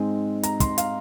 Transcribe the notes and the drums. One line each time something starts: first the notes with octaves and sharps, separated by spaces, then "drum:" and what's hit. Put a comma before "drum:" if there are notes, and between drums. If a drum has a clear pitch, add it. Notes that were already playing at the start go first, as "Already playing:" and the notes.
Already playing: G#2 G#3 C4 D#4
A#5, drum: hi-hat
C6, drum: kick, hi-hat
F5, drum: hi-hat